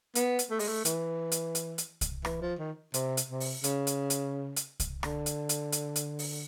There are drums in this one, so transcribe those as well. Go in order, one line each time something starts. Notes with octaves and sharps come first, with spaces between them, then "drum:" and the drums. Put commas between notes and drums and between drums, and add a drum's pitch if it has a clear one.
B3, drum: hi-hat
drum: hi-hat
A3
G#3, drum: open hi-hat
A3
E3, drum: hi-hat
drum: hi-hat
drum: hi-hat
drum: hi-hat
drum: kick C2, hi-hat
E3, drum: rim click
F3
D#3
C3, drum: hi-hat
drum: hi-hat
C3
drum: open hi-hat
C#3, drum: hi-hat
drum: hi-hat
drum: hi-hat
drum: hi-hat
drum: kick C2, hi-hat
D3, drum: rim click
drum: hi-hat
drum: hi-hat
drum: hi-hat
drum: hi-hat
drum: open hi-hat